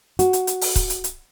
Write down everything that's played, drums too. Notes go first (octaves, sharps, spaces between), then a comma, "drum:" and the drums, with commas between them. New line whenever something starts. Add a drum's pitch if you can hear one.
F#4, drum: hi-hat
drum: hi-hat
drum: hi-hat
drum: open hi-hat
drum: kick C#1, hi-hat
drum: hi-hat
drum: hi-hat